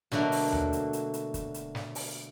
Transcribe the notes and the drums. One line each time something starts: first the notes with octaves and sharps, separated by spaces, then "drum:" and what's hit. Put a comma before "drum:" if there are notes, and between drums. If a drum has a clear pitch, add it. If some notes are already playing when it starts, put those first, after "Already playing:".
B2 D3 F#3 A3 A#3, drum: snare
drum: open hi-hat
drum: tom D#2
drum: hi-hat
drum: hi-hat
drum: hi-hat
drum: kick, hi-hat
drum: hi-hat
drum: snare
drum: open hi-hat